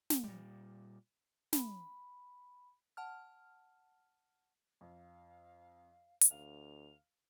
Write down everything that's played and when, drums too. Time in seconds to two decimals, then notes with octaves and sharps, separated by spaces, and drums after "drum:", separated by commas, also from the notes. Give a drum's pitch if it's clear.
0.10 drum: snare
0.24 A#2 G3
1.53 B5, drum: snare
2.97 F#5 A5 F6
4.81 F2 F5
6.21 drum: hi-hat
6.31 D2 F5 F7